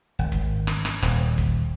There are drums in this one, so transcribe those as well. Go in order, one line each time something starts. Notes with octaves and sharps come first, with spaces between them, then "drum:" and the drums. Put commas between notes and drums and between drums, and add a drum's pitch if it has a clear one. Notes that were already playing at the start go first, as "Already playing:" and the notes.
G#1
drum: kick
drum: rim click
drum: rim click
D#1, drum: rim click
drum: kick